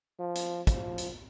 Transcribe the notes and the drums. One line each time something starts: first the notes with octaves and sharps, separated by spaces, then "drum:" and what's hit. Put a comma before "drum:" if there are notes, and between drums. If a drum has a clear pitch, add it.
F3
drum: hi-hat
F3, drum: kick, hi-hat
drum: hi-hat